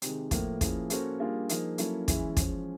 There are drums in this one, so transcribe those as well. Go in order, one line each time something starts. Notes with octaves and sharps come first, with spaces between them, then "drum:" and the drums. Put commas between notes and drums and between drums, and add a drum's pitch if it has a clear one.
C3 D#3 G#3, drum: hi-hat
A2 F3 A#3, drum: kick, hi-hat
F3 A#3 C#4 E4 G#4, drum: kick, hi-hat
A#3 C#4 F#4 A4 C5, drum: hi-hat
G3 A#3 D4 F4 G#4
F3 A#3 D#4 G#4, drum: hi-hat
F#3 A#3 C#4 E4 A4, drum: hi-hat
E3 G#3 C#4 E4, drum: kick, hi-hat
F3 G#3 C#4, drum: kick, hi-hat